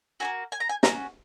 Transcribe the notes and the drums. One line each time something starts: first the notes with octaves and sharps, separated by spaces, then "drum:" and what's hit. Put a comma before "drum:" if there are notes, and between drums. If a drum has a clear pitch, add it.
A#3 C#4 F#4 G#5
G#5
A#5
G#5
C#4 F#4 A#5, drum: snare